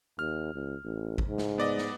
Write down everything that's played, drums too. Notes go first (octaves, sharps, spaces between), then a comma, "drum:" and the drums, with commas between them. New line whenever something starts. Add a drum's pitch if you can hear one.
D#2 F6
C#2
A1
drum: kick G#1
G#2
drum: snare
B3 D5 D#5
drum: snare